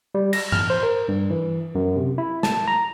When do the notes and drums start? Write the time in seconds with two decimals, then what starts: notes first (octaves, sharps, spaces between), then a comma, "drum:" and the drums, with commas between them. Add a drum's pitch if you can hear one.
0.15 G3
0.33 A#6, drum: cymbal
0.52 F6, drum: tom G2
0.70 C5
0.83 A#4
1.08 G2
1.30 E3
1.75 F#2
1.96 C3
2.18 E4
2.43 A5, drum: snare
2.68 A#5